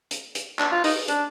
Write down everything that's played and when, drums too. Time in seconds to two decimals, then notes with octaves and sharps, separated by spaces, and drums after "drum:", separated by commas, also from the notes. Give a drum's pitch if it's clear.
0.11 drum: hi-hat
0.35 drum: hi-hat
0.59 D4, drum: clap
0.72 F4
0.84 D#4, drum: open hi-hat
1.08 D4, drum: hi-hat